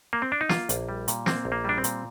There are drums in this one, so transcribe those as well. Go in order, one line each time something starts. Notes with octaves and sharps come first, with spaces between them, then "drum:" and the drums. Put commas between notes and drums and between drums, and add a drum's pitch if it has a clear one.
A#3
C4
D4
D#4
A#3 F4, drum: snare
A#1, drum: hi-hat
G3
A#2, drum: hi-hat
A#3 C4, drum: snare
A#1
A#3
G3 D4
C4
A#2, drum: hi-hat